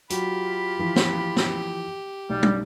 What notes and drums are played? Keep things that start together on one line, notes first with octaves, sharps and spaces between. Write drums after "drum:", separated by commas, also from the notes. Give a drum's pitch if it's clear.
F#3 F4 G4 B5, drum: hi-hat
E3 F3
drum: snare
drum: snare
B1 G3
drum: tom